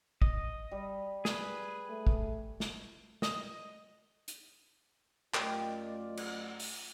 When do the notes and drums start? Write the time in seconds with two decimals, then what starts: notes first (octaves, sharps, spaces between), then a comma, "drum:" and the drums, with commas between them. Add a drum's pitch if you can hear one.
0.22 D#5, drum: kick
0.71 G3
1.25 G#4 B4 G#5, drum: snare
1.90 A3
2.07 drum: kick
2.60 drum: snare
3.22 D#5, drum: snare
4.28 drum: hi-hat
5.34 F#2 A3 F4 G4 A#4 D5 D#5 G5, drum: clap
6.17 drum: cymbal
6.59 drum: open hi-hat